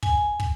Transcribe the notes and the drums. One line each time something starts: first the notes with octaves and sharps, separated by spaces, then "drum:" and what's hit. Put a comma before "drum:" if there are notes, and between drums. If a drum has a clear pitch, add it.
G#5, drum: kick
drum: kick